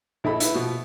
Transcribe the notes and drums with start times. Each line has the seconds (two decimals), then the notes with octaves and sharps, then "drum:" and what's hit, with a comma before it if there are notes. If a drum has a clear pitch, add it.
0.24 A#1 E4 A4 D#5 B5
0.40 E4 B4, drum: hi-hat
0.54 B2 F3 B3